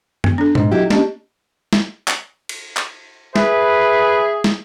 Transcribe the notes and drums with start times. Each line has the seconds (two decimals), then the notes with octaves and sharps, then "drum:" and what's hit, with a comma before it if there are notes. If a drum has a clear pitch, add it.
0.24 B3, drum: tom F#2
0.38 D4 A4
0.55 G#2, drum: tom A#2
0.72 F#3 E4 G4 D#5
0.90 A#3 C#4 D4 G4 D#5 A5, drum: snare
1.73 drum: snare
2.08 drum: clap
2.49 drum: cymbal
2.77 drum: clap
3.36 G#4 B4 E5, drum: snare
4.44 drum: snare